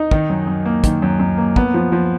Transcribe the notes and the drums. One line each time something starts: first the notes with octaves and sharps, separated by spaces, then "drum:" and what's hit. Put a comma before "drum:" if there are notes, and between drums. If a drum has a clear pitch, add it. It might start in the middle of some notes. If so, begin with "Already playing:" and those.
Already playing: D#4
D#3, drum: kick
F#2
F#2
A#3
D#3, drum: kick, hi-hat
F#2
F#2
A#3
B3, drum: kick
F3
F3